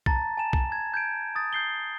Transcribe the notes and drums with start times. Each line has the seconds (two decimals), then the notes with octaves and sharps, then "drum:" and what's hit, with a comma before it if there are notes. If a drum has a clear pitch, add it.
0.06 A5 A#5 A6, drum: kick B1
0.37 G#5 A5 E7
0.53 drum: kick B1
0.72 G#6
0.94 G6 G#6 D7
1.35 D#6 A6
1.53 G6 C7 G7